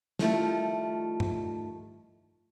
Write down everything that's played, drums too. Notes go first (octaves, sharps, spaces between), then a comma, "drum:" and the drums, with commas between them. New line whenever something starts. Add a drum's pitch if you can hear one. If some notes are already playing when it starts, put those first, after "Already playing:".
D#3 F3 G3 A3 E4 F4, drum: snare
drum: tom G2